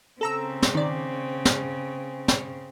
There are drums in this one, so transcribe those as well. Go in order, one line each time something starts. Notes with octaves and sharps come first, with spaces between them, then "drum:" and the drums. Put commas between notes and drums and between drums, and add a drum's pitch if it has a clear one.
C#3 C4 A4 A#5 E6
drum: snare
D#3 D5
drum: snare
drum: snare